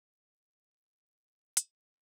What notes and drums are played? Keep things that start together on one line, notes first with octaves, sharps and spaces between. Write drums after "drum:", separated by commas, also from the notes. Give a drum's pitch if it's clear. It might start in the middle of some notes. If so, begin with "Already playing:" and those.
E4
E4
D4
C#4
drum: hi-hat
F3
A3
C#4